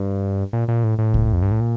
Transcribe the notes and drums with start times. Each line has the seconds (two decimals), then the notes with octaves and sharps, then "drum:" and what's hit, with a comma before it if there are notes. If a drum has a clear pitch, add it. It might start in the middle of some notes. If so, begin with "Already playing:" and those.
Already playing: G2
0.53 A#2
0.68 A#2
0.84 A2
0.98 A2
1.14 drum: kick C2
1.33 F2
1.42 G2
1.51 A2
1.60 A#2